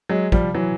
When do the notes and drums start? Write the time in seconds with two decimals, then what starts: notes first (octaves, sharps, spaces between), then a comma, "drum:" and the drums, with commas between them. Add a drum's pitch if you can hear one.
0.09 F#3 G#3
0.32 F3 G3, drum: kick
0.54 E3 F#3